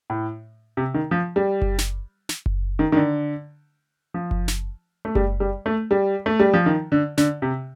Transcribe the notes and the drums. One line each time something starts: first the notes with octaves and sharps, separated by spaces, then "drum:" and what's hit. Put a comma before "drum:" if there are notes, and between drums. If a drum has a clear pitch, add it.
A2
C3
D#3
F3
G3
drum: kick F#1
drum: snare
drum: snare
drum: kick F#1
D#3
D#3
D3
F3
drum: kick F#1
drum: snare
A3
G3, drum: kick F#1
G3
A3
G3
A3
G3
F3
D#3
D3
D3, drum: snare
C3